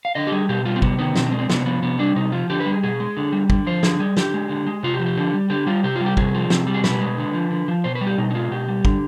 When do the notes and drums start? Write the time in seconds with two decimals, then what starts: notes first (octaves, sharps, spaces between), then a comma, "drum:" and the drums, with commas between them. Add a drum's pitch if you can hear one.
0.05 F5
0.15 D3 D#5
0.27 G4
0.32 G3 G#4
0.49 B2 G4
0.65 G3 F4
0.76 C4
0.82 C3 B3, drum: kick
0.99 D#3 B3
1.16 B2 C4, drum: snare
1.26 C4
1.32 G#3
1.38 C4
1.50 C3 B3, drum: snare
1.66 F3 B3
1.82 C3 B3
1.99 G3 D4
2.16 C3 D#4
2.32 F3 F4
2.50 D3 G4
2.60 B4
2.66 G3
2.72 G#4
2.83 B2 G#4
3.00 G#3
3.17 D3
3.33 G3
3.50 D3, drum: kick
3.67 F3 C5
3.83 D3 G#4, drum: snare
3.99 G3 G#4
4.17 D3 G4, drum: snare
4.34 G#3
4.49 D3
4.67 G#3
4.83 C3 F4
4.94 G4
5.00 F3
5.06 G4
5.17 D3
5.34 G3
5.50 D3 G4
5.67 G3 F4
5.83 C3 G4
5.96 F4
6.01 G3
6.06 G4
6.17 C3 G#4, drum: kick
6.35 F3
6.50 C3, drum: snare
6.67 G3
6.74 G#4
6.84 B2 B4, drum: snare
7.01 G#3
7.18 D3
7.34 F3
7.51 D3
7.68 F3
7.84 B2 C5
7.95 B4
8.01 G3
8.07 G4
8.18 B2 D#4
8.31 D#4
8.34 G#3 F4
8.51 B2 G4
8.68 G3
8.85 D3, drum: kick